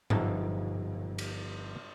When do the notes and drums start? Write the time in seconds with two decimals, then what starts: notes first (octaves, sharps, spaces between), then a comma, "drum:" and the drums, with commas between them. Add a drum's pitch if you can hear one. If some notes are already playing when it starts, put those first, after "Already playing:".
0.10 G1 F3 D#4 E5 A5, drum: tom G#2
1.18 drum: cymbal